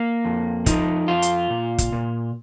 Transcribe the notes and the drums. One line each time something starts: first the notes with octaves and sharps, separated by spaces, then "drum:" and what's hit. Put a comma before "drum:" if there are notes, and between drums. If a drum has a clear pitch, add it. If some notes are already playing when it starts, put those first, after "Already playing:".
Already playing: A#3
F2
F3 D#4, drum: kick, hi-hat
F2 F4
drum: hi-hat
A#2
drum: kick, hi-hat
A#2